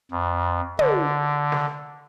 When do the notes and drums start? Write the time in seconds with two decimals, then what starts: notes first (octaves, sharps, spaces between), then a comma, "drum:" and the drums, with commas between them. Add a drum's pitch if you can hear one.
0.11 F2
0.79 D3, drum: tom
1.52 drum: snare